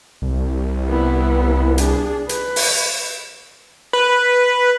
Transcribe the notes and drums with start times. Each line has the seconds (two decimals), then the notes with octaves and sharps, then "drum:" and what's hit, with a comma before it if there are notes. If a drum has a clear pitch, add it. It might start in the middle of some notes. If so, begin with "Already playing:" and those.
0.22 C2
0.88 B3 E4
1.78 D4 G#4, drum: hi-hat
2.29 B4, drum: hi-hat
2.56 drum: open hi-hat
3.93 B4